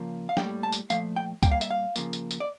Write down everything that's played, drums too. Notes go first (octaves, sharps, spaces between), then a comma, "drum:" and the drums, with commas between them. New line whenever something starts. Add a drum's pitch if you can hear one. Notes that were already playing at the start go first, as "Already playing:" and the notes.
Already playing: C#3 F3 A#3
F5
A2 G3 A#3 G5, drum: snare
A5
drum: tambourine
A#2 F3 A3 F5, drum: tambourine
G5
A#2 G3 A#3 G5, drum: kick C#2, tambourine
F5
E5, drum: tambourine
F5
C#3 F3 A#3, drum: tambourine
drum: tambourine
drum: tambourine
D5